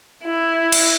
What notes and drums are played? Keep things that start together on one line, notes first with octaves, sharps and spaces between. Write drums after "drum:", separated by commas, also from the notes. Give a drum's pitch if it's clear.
E4
drum: cymbal